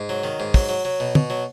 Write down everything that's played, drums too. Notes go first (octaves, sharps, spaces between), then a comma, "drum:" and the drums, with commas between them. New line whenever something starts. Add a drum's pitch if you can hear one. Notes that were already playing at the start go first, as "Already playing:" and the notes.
Already playing: G#2
F#3
D#3
G#2
F#3, drum: kick, open hi-hat
F#3
F#3
B2
B2, drum: tom
F#3